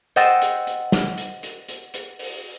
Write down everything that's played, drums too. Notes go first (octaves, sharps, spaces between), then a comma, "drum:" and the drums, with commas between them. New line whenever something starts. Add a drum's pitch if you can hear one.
C5 D#5 F#5 G5 E6 A6, drum: hi-hat
drum: hi-hat
drum: hi-hat
drum: snare
drum: hi-hat
drum: hi-hat
drum: hi-hat
drum: hi-hat
drum: open hi-hat